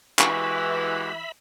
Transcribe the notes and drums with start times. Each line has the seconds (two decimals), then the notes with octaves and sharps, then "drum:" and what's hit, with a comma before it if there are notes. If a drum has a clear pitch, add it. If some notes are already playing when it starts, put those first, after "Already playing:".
0.19 E3 G#3 F#4 G4 E5 B5 C#6, drum: clap